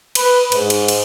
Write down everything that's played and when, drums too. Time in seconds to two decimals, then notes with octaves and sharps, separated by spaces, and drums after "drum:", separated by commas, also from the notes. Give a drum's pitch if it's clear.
0.15 B4, drum: cymbal
0.52 G#2, drum: cymbal
0.70 drum: cymbal
0.88 drum: cymbal